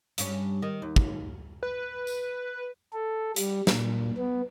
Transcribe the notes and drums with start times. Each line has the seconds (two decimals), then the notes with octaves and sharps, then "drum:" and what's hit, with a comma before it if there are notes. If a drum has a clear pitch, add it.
0.18 G2 C#4, drum: hi-hat
0.62 D#3
0.82 D#2
0.96 drum: kick
1.63 B4
2.07 drum: tambourine
2.93 A4
3.36 G3, drum: hi-hat
3.67 A#2, drum: snare
4.17 B3